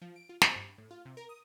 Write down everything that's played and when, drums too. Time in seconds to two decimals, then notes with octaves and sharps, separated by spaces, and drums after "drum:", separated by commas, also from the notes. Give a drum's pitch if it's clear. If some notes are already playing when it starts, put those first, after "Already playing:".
0.02 F3
0.16 D7
0.29 F4
0.42 C5, drum: snare
0.56 G2
0.78 A2
0.91 F4
1.05 C3
1.17 A#4
1.29 D#6